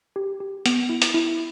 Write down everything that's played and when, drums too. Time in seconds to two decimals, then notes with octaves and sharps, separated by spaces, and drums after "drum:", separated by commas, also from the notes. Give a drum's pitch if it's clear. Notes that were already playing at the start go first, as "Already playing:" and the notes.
0.16 G4
0.40 G4
0.66 B3, drum: hi-hat
0.89 E4
1.02 drum: hi-hat
1.14 E4